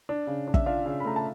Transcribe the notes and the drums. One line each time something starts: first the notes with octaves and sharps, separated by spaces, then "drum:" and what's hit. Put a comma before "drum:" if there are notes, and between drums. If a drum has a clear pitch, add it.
D4
C#3
D4
E5, drum: kick
D4 F4 F5
C#3
B5
A3 A#5
A5